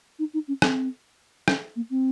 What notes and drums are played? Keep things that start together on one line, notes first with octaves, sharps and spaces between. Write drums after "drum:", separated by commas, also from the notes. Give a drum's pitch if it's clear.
D#4
D#4
C#4
C4, drum: rim click
C#4, drum: rim click
A#3
C4